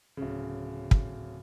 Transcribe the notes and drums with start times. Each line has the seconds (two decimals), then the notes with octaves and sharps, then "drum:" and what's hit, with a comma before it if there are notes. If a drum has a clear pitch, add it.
0.17 D1 C#3
0.91 drum: kick